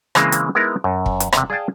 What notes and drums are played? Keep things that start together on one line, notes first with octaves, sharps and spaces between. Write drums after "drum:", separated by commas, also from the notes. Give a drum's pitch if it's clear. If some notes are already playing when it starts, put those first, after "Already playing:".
C#3 E3 G#3 A#3 C4, drum: rim click
drum: hi-hat
G#3 B3 D#4 E4 A#4
F#2
drum: kick
drum: hi-hat
E2 C3, drum: rim click
G#4 D5 F5 G5 A5